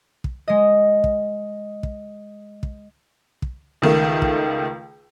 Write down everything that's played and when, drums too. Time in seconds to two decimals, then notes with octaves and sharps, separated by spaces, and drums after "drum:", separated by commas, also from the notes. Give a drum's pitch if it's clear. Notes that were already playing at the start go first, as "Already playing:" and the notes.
0.24 drum: kick
0.48 G#3 D#5
1.04 drum: kick
1.83 drum: kick
2.63 drum: kick
3.42 drum: kick
3.82 C#2 D#3 A3
4.22 drum: kick